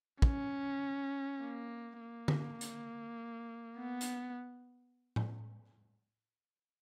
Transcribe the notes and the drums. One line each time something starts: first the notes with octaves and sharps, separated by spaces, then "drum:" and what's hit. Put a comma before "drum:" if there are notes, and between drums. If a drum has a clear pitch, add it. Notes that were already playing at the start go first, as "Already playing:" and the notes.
C#4, drum: kick
A#3
A#3
drum: tom D3
drum: hi-hat
B3
drum: hi-hat
drum: tom A2